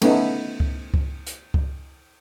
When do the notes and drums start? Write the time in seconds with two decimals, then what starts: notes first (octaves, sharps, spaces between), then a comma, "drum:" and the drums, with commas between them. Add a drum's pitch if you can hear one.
0.02 A3 B3 C#4 D#4, drum: cymbal
0.60 drum: kick C#2
0.94 drum: kick C#2
1.27 drum: hi-hat
1.54 drum: kick C#2